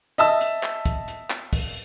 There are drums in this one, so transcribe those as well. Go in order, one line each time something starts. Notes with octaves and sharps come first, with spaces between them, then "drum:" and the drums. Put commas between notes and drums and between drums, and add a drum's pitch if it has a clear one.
D#5 E5 A5 E6, drum: hi-hat
drum: hi-hat
drum: clap
drum: kick, hi-hat
drum: hi-hat
drum: clap
drum: kick, open hi-hat